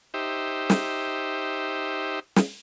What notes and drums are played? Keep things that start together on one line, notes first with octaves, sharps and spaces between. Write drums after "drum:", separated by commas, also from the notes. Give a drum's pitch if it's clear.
D#4 G4 C5 E5
drum: snare
drum: snare